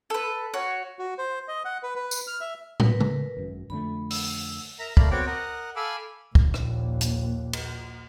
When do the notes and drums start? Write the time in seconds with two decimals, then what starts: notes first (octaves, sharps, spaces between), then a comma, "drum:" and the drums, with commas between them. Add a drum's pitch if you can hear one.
0.10 A4 B4
0.54 F#4 C#5
0.99 F#4
1.18 C5
1.48 D#5
1.65 F#5
1.83 B4
1.95 B4
2.11 drum: tambourine
2.27 F6
2.41 E5
2.80 A#4 B4, drum: tom
3.00 drum: tom C#3
3.37 G#1 F#2
3.70 F2 D3 A3 B5
4.11 E6, drum: open hi-hat
4.79 A#4 E5 A#5
4.97 A3 A#4 D5 F5 B5, drum: kick
5.11 B3 C4 F#4 C#5 G5 D6
5.26 A#4 D#5 F#5
5.76 A4 F5 G#5 B5 D6 E6
6.35 A#1 D#2, drum: kick
6.54 drum: rim click
7.01 drum: hi-hat
7.53 drum: cymbal